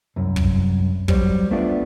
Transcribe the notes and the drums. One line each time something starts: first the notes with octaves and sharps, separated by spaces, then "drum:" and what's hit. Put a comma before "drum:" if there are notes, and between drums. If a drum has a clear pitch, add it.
C2 F#2
drum: kick
F#3 G3 C5 D5, drum: kick
A3 B3 D4 F4 D5 E5